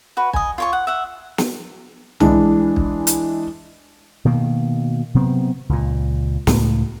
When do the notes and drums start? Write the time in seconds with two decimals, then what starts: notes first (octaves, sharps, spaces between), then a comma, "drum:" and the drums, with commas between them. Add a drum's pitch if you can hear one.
0.17 F#4 B4
0.33 D#5 G#5, drum: kick
0.58 F4 C#5 C#6
0.73 F#5
0.87 E5 F#5
1.38 drum: snare
2.20 E3 G#3 D4 E4, drum: tom
2.76 drum: kick
3.07 drum: hi-hat
4.25 B2 D#3 A#3
5.15 C3 F#3 B3 C4
5.69 C#2 A#2
6.47 C#2 A2, drum: snare